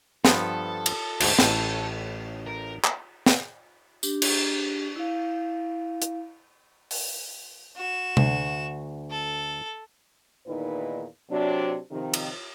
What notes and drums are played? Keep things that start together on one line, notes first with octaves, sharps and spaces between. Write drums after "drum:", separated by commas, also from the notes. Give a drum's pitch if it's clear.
G2 F3 B3 A4, drum: snare
drum: cymbal
D2 G#2, drum: cymbal
A1 A2, drum: snare
A#4
drum: clap
drum: snare
D4 G4, drum: tambourine
drum: cymbal
E4 F5
drum: hi-hat
drum: open hi-hat
F#4 E7
D2, drum: tom C3
A4
E2 A#2 D#3 D#4 E4 B4
C3 F#3 D4
C3 D#3 F3
drum: cymbal